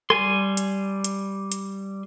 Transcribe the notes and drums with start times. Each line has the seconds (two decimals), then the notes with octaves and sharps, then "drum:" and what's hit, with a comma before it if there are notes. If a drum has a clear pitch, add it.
0.10 G3 G#5 C6, drum: rim click
0.57 drum: hi-hat
1.04 drum: hi-hat
1.52 drum: hi-hat